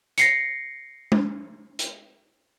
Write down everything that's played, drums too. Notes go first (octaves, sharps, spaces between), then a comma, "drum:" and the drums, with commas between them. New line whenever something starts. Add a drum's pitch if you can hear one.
A#6 C7 C#7, drum: hi-hat
drum: tom G#3
drum: hi-hat